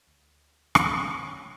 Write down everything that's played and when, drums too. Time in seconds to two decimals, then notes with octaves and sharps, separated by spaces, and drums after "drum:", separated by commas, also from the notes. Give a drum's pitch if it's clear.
0.07 D2
0.75 drum: rim click
1.15 F#2 A#2 E3 C#5 G5